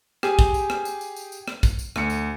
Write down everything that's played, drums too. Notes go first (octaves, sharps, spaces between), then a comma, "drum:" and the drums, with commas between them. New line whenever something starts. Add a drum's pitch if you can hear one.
G4 G#4 G#5, drum: rim click
drum: kick, tambourine
drum: tambourine
drum: rim click
drum: tambourine
drum: tambourine
drum: tambourine
drum: tambourine
drum: rim click
drum: kick, tambourine
drum: tambourine
D2 C#7, drum: rim click
drum: tambourine